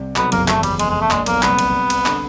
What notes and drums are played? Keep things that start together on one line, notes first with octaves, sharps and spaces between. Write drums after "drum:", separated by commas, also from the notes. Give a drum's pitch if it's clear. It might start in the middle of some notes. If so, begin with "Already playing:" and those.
Already playing: C2 C3
B1 B2 B3, drum: clap
F#1 F#2 A#3, drum: cymbal
F#1 F#2 A3, drum: clap
E2
G3, drum: cymbal
E2
F2 G#3, drum: cymbal
G#3
A3
A#1 A#2 G#3, drum: clap
B1 B2 A#3, drum: cymbal
C2 C3 B3, drum: clap
drum: cymbal
drum: cymbal
D3, drum: clap